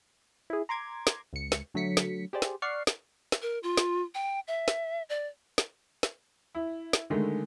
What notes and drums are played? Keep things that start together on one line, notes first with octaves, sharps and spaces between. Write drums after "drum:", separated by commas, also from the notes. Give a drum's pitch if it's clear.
E4 G#4
A#5 C6 D6 G#6
drum: snare
C#2 C#7
drum: snare
D3 F#3 A3 B6 C#7
drum: snare
G4 G#4 C5 D5
drum: snare
D5 F#5 C#6 F6 C7
drum: snare
drum: snare
A#4
F4
drum: snare
G5
E5
drum: snare
D5
drum: snare
drum: snare
E4
drum: snare
D3 D#3 G#3 A3